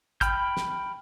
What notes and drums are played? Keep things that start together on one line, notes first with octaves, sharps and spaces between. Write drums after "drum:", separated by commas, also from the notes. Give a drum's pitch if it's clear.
G5 B5 F6 G6, drum: kick, hi-hat
drum: snare